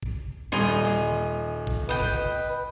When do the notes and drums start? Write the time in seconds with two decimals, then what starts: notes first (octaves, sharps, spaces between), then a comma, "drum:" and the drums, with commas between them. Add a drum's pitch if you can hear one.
0.03 drum: kick
0.52 D#1 G3 D#5 G#5 C6 F7
0.85 drum: snare
1.67 drum: kick
1.89 B4 D#5 G5
2.00 drum: kick